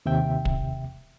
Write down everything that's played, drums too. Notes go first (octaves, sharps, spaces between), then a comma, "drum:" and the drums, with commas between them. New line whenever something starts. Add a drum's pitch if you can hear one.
D#2 C3 E5 G5
drum: kick